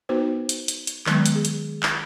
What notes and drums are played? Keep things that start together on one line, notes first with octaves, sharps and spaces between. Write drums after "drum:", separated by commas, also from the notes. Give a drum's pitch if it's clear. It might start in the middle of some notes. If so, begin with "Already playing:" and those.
B3 D#4 F#4 B4 C5
drum: hi-hat
drum: hi-hat
drum: hi-hat
D#3 F#3 G#3 B3, drum: clap
drum: hi-hat
G#4
drum: hi-hat
drum: clap